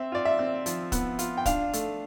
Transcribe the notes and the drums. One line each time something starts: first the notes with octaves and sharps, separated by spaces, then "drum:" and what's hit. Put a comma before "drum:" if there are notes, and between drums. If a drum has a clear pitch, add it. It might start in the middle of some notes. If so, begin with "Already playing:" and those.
Already playing: C4 E5
F4 D5
E5
C4
F3, drum: hi-hat
B3, drum: kick, hi-hat
F4, drum: hi-hat
G5
D4 F5, drum: kick, hi-hat
A3, drum: hi-hat